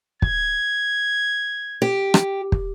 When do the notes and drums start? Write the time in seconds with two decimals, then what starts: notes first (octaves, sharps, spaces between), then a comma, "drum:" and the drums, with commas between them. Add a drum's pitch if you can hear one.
0.22 G#6, drum: kick
1.82 G4
2.14 drum: rim click
2.52 drum: kick